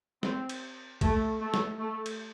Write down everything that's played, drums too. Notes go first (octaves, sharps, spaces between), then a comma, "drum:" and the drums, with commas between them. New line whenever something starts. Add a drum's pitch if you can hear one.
C4, drum: snare
drum: cymbal
A3, drum: kick B1, cymbal
A3
drum: snare
A3
drum: cymbal